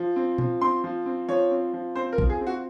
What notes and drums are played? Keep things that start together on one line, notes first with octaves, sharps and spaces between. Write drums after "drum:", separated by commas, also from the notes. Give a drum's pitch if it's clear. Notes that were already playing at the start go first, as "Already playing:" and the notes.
Already playing: F3
C4
F3, drum: tom A#2
C4 C6
F3
C4
F3 C#5
C4
F3
C4 C5
A#4
F3, drum: kick
G#4
C4
F#4